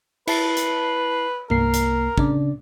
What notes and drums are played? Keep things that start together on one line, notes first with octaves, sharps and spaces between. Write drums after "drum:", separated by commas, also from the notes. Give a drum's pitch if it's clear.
E4 B4 A5 C7, drum: cymbal
drum: hi-hat
C2 A#3 A#4 C7, drum: tom G2
drum: hi-hat
C#3 D4 D5, drum: kick